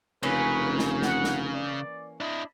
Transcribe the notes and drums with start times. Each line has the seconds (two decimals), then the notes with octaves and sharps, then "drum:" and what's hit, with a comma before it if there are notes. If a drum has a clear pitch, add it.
0.23 F1 C#3 E3 A#3 C#4 B4
0.79 drum: snare
1.02 F#5, drum: snare
1.24 drum: snare
1.54 D5
2.20 D4 E4 D#5